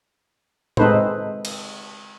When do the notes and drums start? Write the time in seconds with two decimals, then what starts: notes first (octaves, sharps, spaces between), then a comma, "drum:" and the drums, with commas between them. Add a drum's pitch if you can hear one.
0.77 G#3 C4 D#4 A4 B4 C5, drum: tom A2
1.45 drum: cymbal